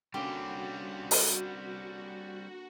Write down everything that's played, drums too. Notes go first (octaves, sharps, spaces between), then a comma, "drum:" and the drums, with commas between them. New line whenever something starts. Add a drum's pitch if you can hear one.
D3 G3 A#3 C4 C#4 F#4 G4
drum: open hi-hat